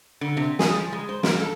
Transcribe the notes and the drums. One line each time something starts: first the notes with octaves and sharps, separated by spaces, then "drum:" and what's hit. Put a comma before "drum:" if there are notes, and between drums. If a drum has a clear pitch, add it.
D3
C3
G#4, drum: snare
F3
G#3
C5
A#3, drum: snare
A4